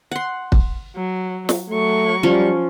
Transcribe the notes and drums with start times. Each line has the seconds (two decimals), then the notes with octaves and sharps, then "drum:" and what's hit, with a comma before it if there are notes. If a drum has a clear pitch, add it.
0.11 F#5 C6
0.52 drum: kick
0.96 F#3
1.49 drum: snare
1.70 F#3 A3 C#6
2.23 F3 G3 C#4